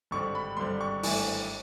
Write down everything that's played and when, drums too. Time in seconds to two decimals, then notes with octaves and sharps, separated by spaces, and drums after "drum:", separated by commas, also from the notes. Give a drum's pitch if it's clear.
0.11 G#1 G2 D3 G3 C4 C#6
0.35 B5
0.57 G#1 G2 D3 G3 C4 C6
0.81 C#6
1.03 G#1 G2 E3 A3 D4, drum: open hi-hat